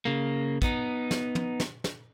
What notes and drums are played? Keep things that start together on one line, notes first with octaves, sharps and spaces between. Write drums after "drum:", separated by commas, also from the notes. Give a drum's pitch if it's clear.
C#3 A#3
B3 D#4, drum: kick, hi-hat
drum: snare
drum: tom
drum: snare
drum: snare